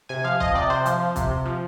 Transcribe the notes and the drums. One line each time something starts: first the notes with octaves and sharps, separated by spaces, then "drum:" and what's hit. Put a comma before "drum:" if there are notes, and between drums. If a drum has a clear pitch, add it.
C3 G#5
F3 F5
F3 D#5, drum: kick
C3 D5
C3 C5
F3, drum: hi-hat
F3
C3, drum: kick, hi-hat
C3
F3